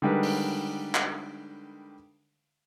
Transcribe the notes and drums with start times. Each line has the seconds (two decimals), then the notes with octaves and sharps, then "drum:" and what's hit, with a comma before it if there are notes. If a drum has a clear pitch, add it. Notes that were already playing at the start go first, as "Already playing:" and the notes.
0.02 D3 D#3 G3 G#3 A#4 B4
0.23 drum: open hi-hat
0.95 drum: clap